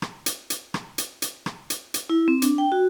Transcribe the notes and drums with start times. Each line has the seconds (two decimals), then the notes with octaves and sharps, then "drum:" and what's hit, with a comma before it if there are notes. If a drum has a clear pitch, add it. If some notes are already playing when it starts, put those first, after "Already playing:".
0.02 drum: rim click
0.26 drum: hi-hat
0.50 drum: hi-hat
0.74 drum: rim click
0.98 drum: hi-hat
1.22 drum: hi-hat
1.46 drum: rim click
1.70 drum: hi-hat
1.94 drum: hi-hat
2.10 E4
2.28 C4
2.42 D4, drum: hi-hat
2.58 G5
2.72 F#4